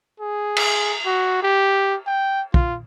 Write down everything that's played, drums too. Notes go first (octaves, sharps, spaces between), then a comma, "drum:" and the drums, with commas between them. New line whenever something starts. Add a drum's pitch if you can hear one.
G#4
drum: cymbal
F#4
G4
G5
F4, drum: kick